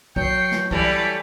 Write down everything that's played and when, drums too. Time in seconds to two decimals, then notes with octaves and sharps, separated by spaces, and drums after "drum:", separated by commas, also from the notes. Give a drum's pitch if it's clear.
0.16 F#3 G5 C7 C#7, drum: kick
0.52 drum: snare
0.71 E3 G3 A3 C#5 D5 A5, drum: kick